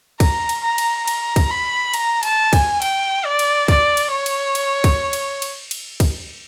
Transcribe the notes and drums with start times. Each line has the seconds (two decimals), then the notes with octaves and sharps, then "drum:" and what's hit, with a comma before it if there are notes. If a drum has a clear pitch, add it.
0.20 A#5, drum: kick, cymbal
0.49 drum: cymbal
0.63 A#5
0.78 drum: cymbal
1.08 A#5, drum: cymbal
1.36 drum: kick, cymbal
1.51 B5
1.94 A#5, drum: cymbal
2.23 A5, drum: cymbal
2.53 G#5, drum: kick, cymbal
2.82 G5, drum: cymbal
3.25 D5
3.39 drum: cymbal
3.68 D5, drum: kick, cymbal
3.97 drum: cymbal
4.11 C#5
4.26 drum: cymbal
4.55 drum: cymbal
4.84 drum: kick, cymbal
5.13 drum: cymbal
5.42 drum: cymbal
5.71 drum: cymbal
6.00 drum: kick, cymbal